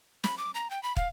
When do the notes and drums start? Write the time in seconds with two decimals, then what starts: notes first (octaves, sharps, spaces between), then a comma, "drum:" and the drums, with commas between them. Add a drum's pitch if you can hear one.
0.24 B5, drum: snare
0.38 D6
0.55 A#5
0.70 G5
0.83 B5
0.97 F5, drum: kick